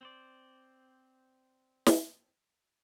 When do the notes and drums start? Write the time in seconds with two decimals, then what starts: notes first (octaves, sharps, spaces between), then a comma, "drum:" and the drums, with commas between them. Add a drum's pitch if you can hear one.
0.01 C4 C5 D5
1.86 drum: snare